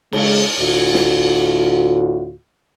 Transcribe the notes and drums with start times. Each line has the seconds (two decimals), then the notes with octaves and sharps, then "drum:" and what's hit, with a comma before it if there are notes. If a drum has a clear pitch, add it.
0.12 C#3 G#3, drum: cymbal
0.58 D2 A2 F4 F#4
0.94 drum: snare